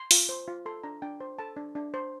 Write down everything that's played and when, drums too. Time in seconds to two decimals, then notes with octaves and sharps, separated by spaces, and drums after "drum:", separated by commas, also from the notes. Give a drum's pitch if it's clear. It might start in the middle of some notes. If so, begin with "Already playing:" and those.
Already playing: C6
0.11 F4, drum: open hi-hat
0.29 C5
0.48 F4
0.66 A4 C6
0.83 D4 A#5
1.02 D4 G5
1.21 C5
1.39 A4 A5
1.57 D4
1.75 D4
1.94 C5